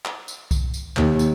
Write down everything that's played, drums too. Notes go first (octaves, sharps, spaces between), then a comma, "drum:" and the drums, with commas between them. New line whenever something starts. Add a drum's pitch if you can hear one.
drum: clap
drum: tambourine
drum: kick C2, tambourine
drum: tambourine
D#2, drum: clap
drum: tambourine